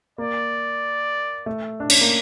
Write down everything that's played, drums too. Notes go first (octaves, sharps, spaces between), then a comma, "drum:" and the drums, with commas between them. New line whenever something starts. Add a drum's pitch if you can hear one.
A#3 D5
A3
D4
C#4, drum: cymbal
A#3